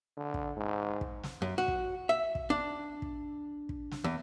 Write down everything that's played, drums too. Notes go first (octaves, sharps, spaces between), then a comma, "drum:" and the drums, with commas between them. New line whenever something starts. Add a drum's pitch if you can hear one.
D3
drum: kick
G#2
drum: kick
drum: snare
F#2
F#4
drum: kick
E5
drum: kick
D4
drum: kick
drum: kick
drum: snare
E2